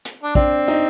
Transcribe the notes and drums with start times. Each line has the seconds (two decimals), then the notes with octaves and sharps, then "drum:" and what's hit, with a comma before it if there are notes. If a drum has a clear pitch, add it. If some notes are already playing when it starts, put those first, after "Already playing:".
0.05 drum: hi-hat
0.23 D4
0.35 C4 D4, drum: kick
0.68 D#4